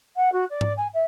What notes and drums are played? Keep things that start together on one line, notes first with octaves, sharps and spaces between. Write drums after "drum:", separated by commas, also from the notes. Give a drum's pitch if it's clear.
F#5
F#4
D5
drum: tom G#2
G#5
E5